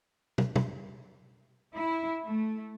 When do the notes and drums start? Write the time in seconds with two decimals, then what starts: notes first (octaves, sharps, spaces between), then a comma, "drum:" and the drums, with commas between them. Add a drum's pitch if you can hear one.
0.38 drum: tom
0.56 drum: tom
1.74 E4
2.24 A3